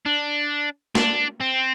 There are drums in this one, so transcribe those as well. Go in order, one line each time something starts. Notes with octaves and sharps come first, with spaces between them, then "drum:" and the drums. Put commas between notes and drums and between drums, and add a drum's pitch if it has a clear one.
D4
D4, drum: snare
C4